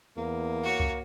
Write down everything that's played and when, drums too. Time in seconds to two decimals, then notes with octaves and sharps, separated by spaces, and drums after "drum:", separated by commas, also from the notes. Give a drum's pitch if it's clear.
0.17 E2 A#3
0.63 F#4 C#5
0.80 drum: kick C2